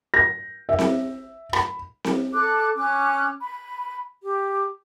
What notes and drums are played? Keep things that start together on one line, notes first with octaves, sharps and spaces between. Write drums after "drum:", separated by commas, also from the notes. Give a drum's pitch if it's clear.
A#6
E5
drum: snare C4
B5, drum: rim click
drum: snare C4
A4 D6 F#6
C#4 D6 F#6
B5
G4